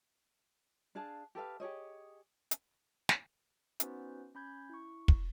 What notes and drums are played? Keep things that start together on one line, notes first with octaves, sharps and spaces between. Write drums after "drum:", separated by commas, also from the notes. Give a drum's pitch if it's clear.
D4 G#4 F5 A5
G4 A4 B4 F5
G4 G#4 C#5 D#5
drum: hi-hat
drum: snare
B3 C#4 D#4 F#4 B4 C5, drum: hi-hat
C#4 B5 G6 G#6
E4 C#6
drum: kick